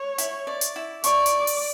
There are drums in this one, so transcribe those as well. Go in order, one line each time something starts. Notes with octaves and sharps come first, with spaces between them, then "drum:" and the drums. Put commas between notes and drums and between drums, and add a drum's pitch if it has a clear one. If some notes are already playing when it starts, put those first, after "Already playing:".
Already playing: C#5
E4, drum: hi-hat
D5
drum: hi-hat
E4
D5 C#6, drum: hi-hat
drum: hi-hat
drum: open hi-hat